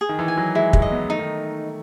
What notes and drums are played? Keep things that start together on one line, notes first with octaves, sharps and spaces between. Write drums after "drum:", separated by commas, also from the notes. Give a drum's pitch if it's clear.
G#4
D#3
E3
G#5
F#3
G#3 E4
G#3, drum: kick
D#5
B3
A3 D#4
D#3